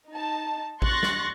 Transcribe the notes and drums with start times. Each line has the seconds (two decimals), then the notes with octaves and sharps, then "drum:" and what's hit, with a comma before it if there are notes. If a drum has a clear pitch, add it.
0.10 D#4 A5
0.82 C6 C#6 F#6 A6 A#6, drum: kick A1
1.03 drum: snare